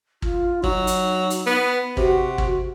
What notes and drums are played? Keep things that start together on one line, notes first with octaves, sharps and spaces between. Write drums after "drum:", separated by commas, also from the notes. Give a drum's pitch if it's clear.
F4, drum: kick
F#3 D#4, drum: kick
drum: hi-hat
drum: hi-hat
B3
C3 F#4, drum: kick
drum: kick